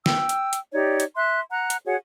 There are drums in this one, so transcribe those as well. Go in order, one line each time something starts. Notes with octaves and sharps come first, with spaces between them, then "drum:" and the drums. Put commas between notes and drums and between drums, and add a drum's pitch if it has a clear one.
G5 E6, drum: snare
drum: hi-hat
drum: hi-hat
D#4 G4 C#5 D5
drum: hi-hat
E5 C6 F#6
F#5 A#5 F#6
drum: hi-hat
F#4 G#4 C#5 F#5